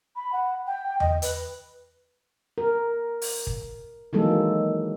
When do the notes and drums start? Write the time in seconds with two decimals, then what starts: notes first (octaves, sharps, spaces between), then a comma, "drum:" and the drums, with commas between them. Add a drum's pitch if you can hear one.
0.16 B5
0.32 F#5
0.67 G5
1.00 D#5, drum: tom E2
1.22 B4, drum: hi-hat
2.58 A#4
3.22 drum: open hi-hat
3.47 drum: kick
4.13 D#3 E3 F#3 G#3 A#3 A4